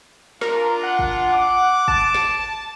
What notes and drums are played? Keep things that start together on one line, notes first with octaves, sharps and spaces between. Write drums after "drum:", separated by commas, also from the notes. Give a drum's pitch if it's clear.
D4 F4 A#4, drum: snare
F#5
drum: kick
D6
A5, drum: kick
drum: snare